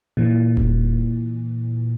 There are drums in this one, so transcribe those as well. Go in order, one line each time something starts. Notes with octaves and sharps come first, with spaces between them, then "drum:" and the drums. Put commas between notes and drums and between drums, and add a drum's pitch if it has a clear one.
A#2 E3
drum: kick E1